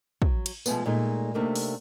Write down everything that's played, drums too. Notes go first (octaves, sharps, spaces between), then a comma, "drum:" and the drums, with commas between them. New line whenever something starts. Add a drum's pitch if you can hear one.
F#3, drum: kick
drum: cymbal
B2 F3 G#3 A3 B3, drum: tambourine
A#2 G#3 A3 D#4
C3 A3 A#3 D4 D#4
drum: open hi-hat